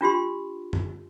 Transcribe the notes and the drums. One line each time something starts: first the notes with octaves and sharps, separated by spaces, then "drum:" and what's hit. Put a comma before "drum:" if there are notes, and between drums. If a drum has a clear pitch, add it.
D4 F4 G4 C6
drum: tom F#2